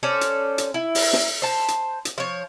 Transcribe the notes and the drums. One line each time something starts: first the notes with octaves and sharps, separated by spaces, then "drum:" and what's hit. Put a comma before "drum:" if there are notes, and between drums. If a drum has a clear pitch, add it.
C#4 A4 C5 D5
drum: hi-hat
drum: hi-hat
E4
drum: open hi-hat
drum: snare
C5 A5
drum: hi-hat
drum: hi-hat
F3 C#5